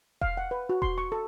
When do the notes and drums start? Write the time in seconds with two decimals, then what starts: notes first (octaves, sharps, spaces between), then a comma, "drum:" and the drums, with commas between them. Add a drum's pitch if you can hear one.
0.22 F5, drum: kick E1
0.37 F#5
0.51 B4
0.69 F#4
0.82 C6, drum: kick E1
0.98 C#6
1.12 A4